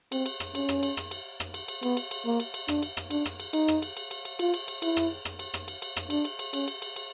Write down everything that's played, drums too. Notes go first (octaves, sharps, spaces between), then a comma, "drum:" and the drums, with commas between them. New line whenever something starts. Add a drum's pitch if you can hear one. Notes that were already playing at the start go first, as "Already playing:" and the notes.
C4, drum: cymbal
drum: cymbal
drum: rim click
C#4, drum: cymbal
drum: rim click
drum: cymbal
drum: rim click
drum: cymbal
drum: rim click
drum: cymbal
drum: cymbal
B3, drum: cymbal
drum: cymbal
drum: cymbal
A#3
drum: cymbal
drum: cymbal
D4, drum: rim click
drum: cymbal
drum: rim click
D4, drum: cymbal
drum: rim click
drum: cymbal
D#4, drum: cymbal
drum: rim click
drum: cymbal
drum: cymbal
drum: cymbal
drum: cymbal
F4, drum: cymbal
drum: cymbal
drum: cymbal
E4, drum: cymbal
drum: rim click
drum: rim click
drum: cymbal
drum: rim click
drum: cymbal
drum: cymbal
drum: rim click
D4, drum: cymbal
drum: cymbal
drum: cymbal
C#4, drum: cymbal
drum: cymbal
drum: cymbal
drum: cymbal